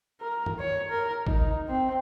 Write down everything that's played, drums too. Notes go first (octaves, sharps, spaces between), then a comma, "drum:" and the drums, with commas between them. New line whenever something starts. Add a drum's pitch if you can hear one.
A#4
drum: tom G2
C#5
A#4
D#4, drum: kick G#1
C4